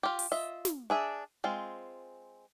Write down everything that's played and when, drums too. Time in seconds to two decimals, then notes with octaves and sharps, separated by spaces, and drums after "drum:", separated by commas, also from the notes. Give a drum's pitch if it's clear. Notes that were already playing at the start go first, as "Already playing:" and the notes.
0.03 F4 G4
0.19 drum: open hi-hat
0.31 F4 D#5 E5
0.65 drum: snare
0.90 D4 G#4 E5
1.44 G#3 C4 F4